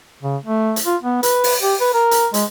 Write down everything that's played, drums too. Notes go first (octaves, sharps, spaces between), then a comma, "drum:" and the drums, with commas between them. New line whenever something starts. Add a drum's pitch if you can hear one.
C#3
A3
drum: hi-hat
F4
B3
B4, drum: hi-hat
drum: open hi-hat
G4
B4
A#4
drum: hi-hat
G#3, drum: hi-hat